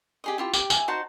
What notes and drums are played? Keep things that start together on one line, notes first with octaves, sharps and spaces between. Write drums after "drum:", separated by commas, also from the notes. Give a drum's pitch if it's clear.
G4 G#4 D#5
E4 F4 G4
G4, drum: tambourine
E5 G#5, drum: tambourine
D#4 F#4 C5 A5